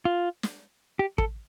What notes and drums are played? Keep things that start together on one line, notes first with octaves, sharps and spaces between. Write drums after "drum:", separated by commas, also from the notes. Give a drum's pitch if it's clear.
F4
drum: snare
G4
A4, drum: kick